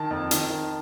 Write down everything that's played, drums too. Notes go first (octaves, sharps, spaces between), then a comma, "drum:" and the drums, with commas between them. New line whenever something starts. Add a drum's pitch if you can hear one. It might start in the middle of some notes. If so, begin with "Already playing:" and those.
Already playing: D#3 A5
F2
D#3, drum: hi-hat
D#3